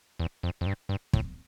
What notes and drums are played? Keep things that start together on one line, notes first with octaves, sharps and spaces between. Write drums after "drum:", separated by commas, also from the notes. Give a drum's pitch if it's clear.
E2
F2
F2
G2
G2
A2, drum: kick